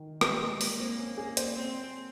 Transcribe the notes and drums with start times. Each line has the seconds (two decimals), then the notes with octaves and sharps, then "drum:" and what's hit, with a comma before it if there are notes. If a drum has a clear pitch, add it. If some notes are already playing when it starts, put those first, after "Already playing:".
Already playing: D#3
0.21 G3, drum: rim click
0.42 G#3
0.61 A#3, drum: open hi-hat
0.79 A#3 C4
0.99 C#4
1.17 G#4
1.37 C5, drum: hi-hat
1.55 C4